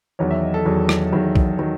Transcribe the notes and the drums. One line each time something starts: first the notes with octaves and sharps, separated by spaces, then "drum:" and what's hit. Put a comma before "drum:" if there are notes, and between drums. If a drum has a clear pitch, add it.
E2 D#3 F#3 C#5
E5
D#5
A4
E2 D#3 F#3
drum: rim click
E2 D#3 F#3
drum: kick B1
D#3 F#3